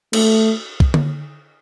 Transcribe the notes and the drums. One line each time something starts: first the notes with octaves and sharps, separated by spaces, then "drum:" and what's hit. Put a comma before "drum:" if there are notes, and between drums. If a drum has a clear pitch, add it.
A3, drum: cymbal
drum: kick
drum: tom D3